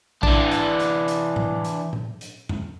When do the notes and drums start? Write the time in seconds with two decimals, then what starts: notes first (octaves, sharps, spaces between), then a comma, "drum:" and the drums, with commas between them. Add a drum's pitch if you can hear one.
0.23 E3 D4, drum: kick A#1
0.51 drum: hi-hat
0.80 drum: hi-hat
1.08 drum: hi-hat
1.36 drum: tom A2
1.65 drum: hi-hat
1.93 drum: tom A#2
2.21 drum: hi-hat
2.49 drum: tom F#2